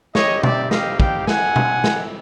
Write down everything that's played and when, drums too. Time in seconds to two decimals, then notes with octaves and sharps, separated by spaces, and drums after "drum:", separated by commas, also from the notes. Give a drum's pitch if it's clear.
0.15 G3 C4 D#4 G4 C#5 D#5, drum: snare
0.43 D5 E5, drum: tom B2
0.71 D#5 F5, drum: snare
1.00 F5 G5, drum: kick
1.27 C4 E4 G4 F#5 G#5, drum: snare
1.56 drum: tom B2
1.84 drum: snare